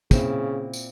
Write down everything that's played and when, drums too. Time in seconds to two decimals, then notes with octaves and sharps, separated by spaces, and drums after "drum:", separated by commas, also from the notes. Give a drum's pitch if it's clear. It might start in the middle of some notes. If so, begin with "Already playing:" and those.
0.11 A#2 C#3 C4 E4, drum: kick, tambourine
0.74 drum: tambourine